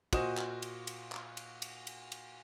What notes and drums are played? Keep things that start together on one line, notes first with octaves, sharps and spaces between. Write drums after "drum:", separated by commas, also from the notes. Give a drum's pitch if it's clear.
A#2 F#4 C5 D#5 D#6 E7, drum: kick, cymbal
drum: clap
drum: cymbal
drum: cymbal
drum: clap
drum: cymbal
drum: cymbal
drum: cymbal
drum: cymbal